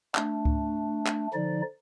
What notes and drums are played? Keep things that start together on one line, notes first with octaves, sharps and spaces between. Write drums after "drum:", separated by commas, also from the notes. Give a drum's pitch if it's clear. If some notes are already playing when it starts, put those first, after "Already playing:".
A3 D4, drum: clap
drum: kick C#2
drum: clap
D3 F3 D#4 D5